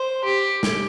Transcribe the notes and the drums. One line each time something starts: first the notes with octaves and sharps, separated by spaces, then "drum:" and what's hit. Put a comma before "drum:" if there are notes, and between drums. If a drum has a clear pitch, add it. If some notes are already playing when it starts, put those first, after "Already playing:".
Already playing: C5
G4
drum: snare